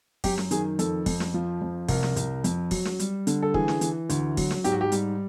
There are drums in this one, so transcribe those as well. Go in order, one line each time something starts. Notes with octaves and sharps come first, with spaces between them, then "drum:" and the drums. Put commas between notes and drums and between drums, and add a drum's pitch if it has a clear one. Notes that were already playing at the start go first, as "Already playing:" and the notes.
F#2 G4, drum: kick, open hi-hat
drum: snare
D#3 G#4, drum: hi-hat
F2 A4, drum: hi-hat
F2, drum: kick, open hi-hat
drum: snare
F3
F2
C2 A#4, drum: kick, open hi-hat
drum: snare
C2, drum: hi-hat
F2, drum: hi-hat
F#3, drum: kick, open hi-hat
drum: snare
G3, drum: hi-hat
D3, drum: hi-hat
A4
E3 G#4, drum: kick
drum: snare
E3, drum: hi-hat
D2, drum: hi-hat
F#3, drum: kick, open hi-hat
drum: snare
G#2 G4, drum: hi-hat
F#4
G4
G3, drum: hi-hat